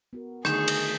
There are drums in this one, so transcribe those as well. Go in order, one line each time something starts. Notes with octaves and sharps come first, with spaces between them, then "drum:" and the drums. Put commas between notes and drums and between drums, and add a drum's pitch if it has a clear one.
B3 F#4 A#4
D3 D#3 A3 D#4 G#4 G6 E7, drum: rim click
drum: cymbal